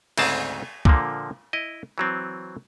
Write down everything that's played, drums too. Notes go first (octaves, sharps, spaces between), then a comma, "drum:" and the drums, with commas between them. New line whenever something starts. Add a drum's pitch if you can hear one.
D2 G#2 C#3 C4 G#4 A5, drum: cymbal
A#2 D3 F3 A#3, drum: kick C2
E4 D#5
E3 F#3 C4